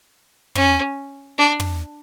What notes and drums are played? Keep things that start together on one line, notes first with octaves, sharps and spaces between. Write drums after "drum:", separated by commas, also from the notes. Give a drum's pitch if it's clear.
C#4, drum: tom
D4
drum: tom